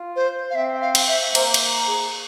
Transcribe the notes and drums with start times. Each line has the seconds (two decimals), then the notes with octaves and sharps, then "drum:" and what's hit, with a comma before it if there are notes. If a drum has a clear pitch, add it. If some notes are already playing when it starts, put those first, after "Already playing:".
Already playing: F4
0.16 C5
0.50 F5
0.55 C4 E5
0.81 F5
0.95 drum: cymbal
1.08 E5
1.35 A#3 C5, drum: cymbal
1.54 drum: cymbal
1.87 G#4